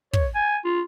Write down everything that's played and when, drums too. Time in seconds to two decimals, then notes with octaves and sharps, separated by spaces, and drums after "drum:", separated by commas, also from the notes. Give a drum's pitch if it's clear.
0.13 C#5, drum: kick
0.35 G#5
0.65 F4